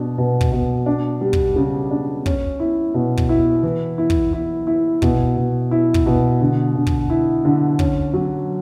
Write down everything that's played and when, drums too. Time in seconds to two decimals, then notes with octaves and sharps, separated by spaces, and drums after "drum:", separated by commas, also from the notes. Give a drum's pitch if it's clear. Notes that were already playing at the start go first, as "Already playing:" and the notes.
Already playing: B2 D4
0.18 B2
0.41 drum: kick
0.52 B2
0.86 D4
1.21 G3
1.33 drum: kick
1.56 C#3
1.91 D4
2.26 C#4, drum: kick
2.60 E4
2.94 B2
3.17 drum: kick
3.29 E4
3.63 E3
3.98 E4
4.10 drum: kick
4.33 E4
4.67 E4
5.02 B2, drum: kick
5.36 B2
5.71 E4
5.94 drum: kick
6.06 B2
6.41 D3
6.75 D3
6.87 drum: kick
7.10 E4
7.45 D3
7.79 C#4, drum: kick
8.13 F#3